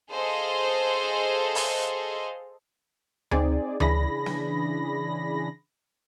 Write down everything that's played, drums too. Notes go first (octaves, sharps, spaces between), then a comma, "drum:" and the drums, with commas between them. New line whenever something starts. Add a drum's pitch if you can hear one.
G#4 A4 C5 D#5 F5
drum: open hi-hat
C4 D#4 G#4 D5, drum: tom D2
C#3 E3 D4 G#4 B5 A#6, drum: tom D2
drum: snare